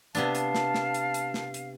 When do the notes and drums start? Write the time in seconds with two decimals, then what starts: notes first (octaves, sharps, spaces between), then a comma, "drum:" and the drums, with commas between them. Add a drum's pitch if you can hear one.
0.15 C3 B3 D4 F5 A5, drum: hi-hat
0.35 drum: hi-hat
0.55 drum: snare
0.74 drum: snare
0.94 drum: hi-hat
1.14 drum: hi-hat
1.34 drum: snare
1.54 drum: hi-hat